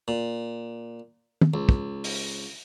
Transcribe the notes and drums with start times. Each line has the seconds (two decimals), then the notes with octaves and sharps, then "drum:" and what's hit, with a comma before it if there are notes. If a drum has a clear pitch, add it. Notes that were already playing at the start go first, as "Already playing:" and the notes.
0.08 A#2
1.41 drum: tom D#3
1.54 C#2
1.69 drum: kick
2.04 drum: open hi-hat